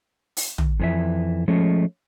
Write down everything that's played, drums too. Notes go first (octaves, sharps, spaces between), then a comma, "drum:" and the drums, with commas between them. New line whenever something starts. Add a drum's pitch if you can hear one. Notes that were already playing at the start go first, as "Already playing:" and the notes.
drum: open hi-hat
drum: tom
F2 E3 E5
F3 G#3 A3 C#4